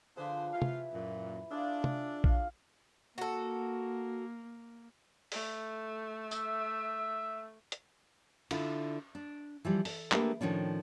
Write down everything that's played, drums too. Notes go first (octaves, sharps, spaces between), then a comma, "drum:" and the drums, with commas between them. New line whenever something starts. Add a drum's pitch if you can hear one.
D3 F3 G#4 B4 C5
E3 F4 G4 F5
drum: tom C3
F#2 A#2
D4 F4 G#4 E5
drum: tom C3
F5, drum: kick A#1
A#3 F#4 A4
A3, drum: open hi-hat
E5, drum: tambourine
drum: hi-hat
D3 E4 F4, drum: cymbal
D4
E3 F3 G3
A4, drum: open hi-hat
A3 A#3 D4 G4 G#4 B4, drum: clap
A2 D#3 F3 C#4 D4